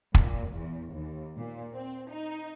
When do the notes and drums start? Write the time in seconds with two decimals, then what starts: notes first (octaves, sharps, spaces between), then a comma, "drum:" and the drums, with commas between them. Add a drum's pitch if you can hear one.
0.14 A#2, drum: kick
0.52 E2
0.92 D#2
1.37 A#2
1.75 C4
2.11 D#4